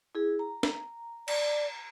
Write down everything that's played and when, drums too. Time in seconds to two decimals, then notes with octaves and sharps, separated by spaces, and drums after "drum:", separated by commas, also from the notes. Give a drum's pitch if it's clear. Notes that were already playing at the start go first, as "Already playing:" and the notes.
0.15 E4 G#4
0.39 A#5
0.63 drum: snare
1.28 D5, drum: cymbal